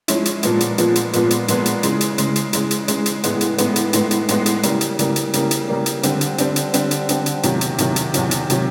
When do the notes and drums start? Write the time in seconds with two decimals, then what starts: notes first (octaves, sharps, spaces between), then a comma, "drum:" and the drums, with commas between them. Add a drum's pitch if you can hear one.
0.08 F3 G#3 C#4 E4, drum: hi-hat
0.25 drum: hi-hat
0.43 A#2 F3 G#3 B3, drum: hi-hat
0.60 drum: hi-hat
0.78 A#2 F3 G#3 B3, drum: hi-hat
0.95 drum: hi-hat
1.13 A#2 F3 G#3 B3, drum: hi-hat
1.31 drum: hi-hat
1.48 A#2 F3 G#3 B3, drum: hi-hat
1.66 drum: hi-hat
1.83 C#3 E3 G#3, drum: hi-hat
2.01 drum: hi-hat
2.18 C#3 E3 G#3, drum: hi-hat
2.36 drum: hi-hat
2.53 C#3 E3 G#3, drum: hi-hat
2.71 drum: hi-hat
2.88 C#3 E3 G#3, drum: hi-hat
3.06 drum: hi-hat
3.23 A2 E3 G#3 B3, drum: hi-hat
3.41 drum: hi-hat
3.58 A2 E3 G#3 B3, drum: hi-hat
3.76 drum: hi-hat
3.93 A2 E3 G#3 B3, drum: hi-hat
4.11 drum: hi-hat
4.28 A2 E3 G#3 B3, drum: hi-hat
4.46 drum: hi-hat
4.63 C#3 E3 G3 A#3, drum: hi-hat
4.81 drum: hi-hat
4.99 C#3 E3 G3 A#3, drum: hi-hat
5.16 drum: hi-hat
5.33 C#3 E3 G3 A#3, drum: hi-hat
5.51 drum: hi-hat
5.68 C#3 E3 G3 A#3
5.86 drum: hi-hat
6.03 D3 G3 C4, drum: hi-hat
6.21 drum: hi-hat
6.38 D3 G3 C4, drum: hi-hat
6.56 drum: hi-hat
6.74 D3 G3 C4, drum: hi-hat
6.91 drum: hi-hat
7.09 D3 G3 C4, drum: hi-hat
7.26 drum: hi-hat
7.43 E2 C3 D#3 F#3, drum: hi-hat
7.61 drum: hi-hat
7.78 E2 C3 D#3 F#3, drum: hi-hat
7.96 drum: hi-hat
8.14 E2 C3 D#3 F#3, drum: hi-hat
8.31 drum: hi-hat
8.50 C3 D#3 F#3, drum: hi-hat